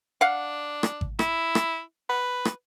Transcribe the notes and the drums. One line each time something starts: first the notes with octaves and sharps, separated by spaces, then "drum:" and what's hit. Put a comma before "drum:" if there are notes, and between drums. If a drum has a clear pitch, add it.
D4 F5 F#5
drum: rim click
drum: kick G#1
E4, drum: rim click
drum: rim click
B4
drum: rim click